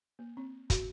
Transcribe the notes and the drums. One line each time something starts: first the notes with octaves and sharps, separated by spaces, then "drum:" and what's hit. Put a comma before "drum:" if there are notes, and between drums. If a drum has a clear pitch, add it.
A#3
C4
F#4, drum: kick, hi-hat